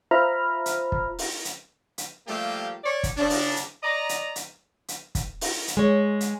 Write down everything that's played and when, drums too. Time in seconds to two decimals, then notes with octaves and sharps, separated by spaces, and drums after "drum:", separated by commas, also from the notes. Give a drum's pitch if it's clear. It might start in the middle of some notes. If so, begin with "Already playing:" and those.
0.11 F4 C5 E5 A#5 B5 F6
0.66 drum: hi-hat
0.92 drum: kick
1.19 drum: open hi-hat
1.45 drum: hi-hat
1.98 drum: hi-hat
2.27 F3 G3 A3 A#3 G4
2.83 C#5 D5
3.03 drum: kick, hi-hat
3.17 C#3 D4
3.30 drum: open hi-hat
3.56 drum: hi-hat
3.83 D5 D#5 A#5
4.09 drum: hi-hat
4.36 drum: hi-hat
4.88 drum: hi-hat
5.15 drum: kick, hi-hat
5.41 drum: open hi-hat
5.68 drum: hi-hat
5.77 G#3 C#5
6.21 drum: hi-hat